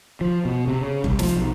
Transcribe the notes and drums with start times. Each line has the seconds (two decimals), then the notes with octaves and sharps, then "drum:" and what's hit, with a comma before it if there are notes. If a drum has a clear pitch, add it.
0.21 F3
0.45 B2
0.68 C3
0.81 C#3
1.04 C2, drum: kick F#1
1.19 F3, drum: snare
1.36 B1